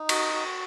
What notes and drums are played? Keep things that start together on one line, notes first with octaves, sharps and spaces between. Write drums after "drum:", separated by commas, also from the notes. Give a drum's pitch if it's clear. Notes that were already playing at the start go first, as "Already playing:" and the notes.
Already playing: D#4
F#4, drum: cymbal
F#4